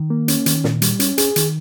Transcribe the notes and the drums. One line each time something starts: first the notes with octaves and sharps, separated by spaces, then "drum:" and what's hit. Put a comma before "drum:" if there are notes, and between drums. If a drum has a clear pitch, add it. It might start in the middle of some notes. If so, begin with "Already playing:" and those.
Already playing: D#3
A#3
C#4, drum: hi-hat
D#3, drum: hi-hat
A#2, drum: snare
G3, drum: hi-hat
C#4, drum: hi-hat
G#4, drum: hi-hat
D#3, drum: hi-hat